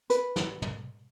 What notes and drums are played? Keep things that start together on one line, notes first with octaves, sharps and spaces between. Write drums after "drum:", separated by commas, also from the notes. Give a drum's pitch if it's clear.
B4, drum: hi-hat
drum: snare
drum: tom